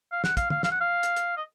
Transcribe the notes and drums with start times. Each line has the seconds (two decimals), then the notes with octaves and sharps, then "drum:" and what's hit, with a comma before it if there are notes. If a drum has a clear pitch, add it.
0.12 F5
0.24 F#5, drum: snare
0.37 F5, drum: kick, hi-hat
0.50 F5, drum: tom
0.63 F5, drum: snare
0.71 F#5
0.81 F5
1.03 drum: hi-hat
1.16 drum: hi-hat
1.37 D#5